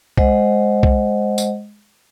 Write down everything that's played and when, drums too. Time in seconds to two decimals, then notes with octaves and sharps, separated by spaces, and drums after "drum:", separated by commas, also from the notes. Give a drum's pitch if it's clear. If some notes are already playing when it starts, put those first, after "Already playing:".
0.18 G#3 C5 D#5 F#5, drum: kick
0.83 drum: kick
1.38 drum: tambourine